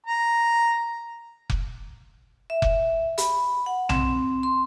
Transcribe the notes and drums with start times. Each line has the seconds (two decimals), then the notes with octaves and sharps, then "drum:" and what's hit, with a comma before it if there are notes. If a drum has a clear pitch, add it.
0.06 A#5
1.50 drum: kick F1
2.50 E5
2.62 drum: kick F1
3.18 B5, drum: hi-hat
3.66 F#5
3.89 C4, drum: tom B1
4.43 C6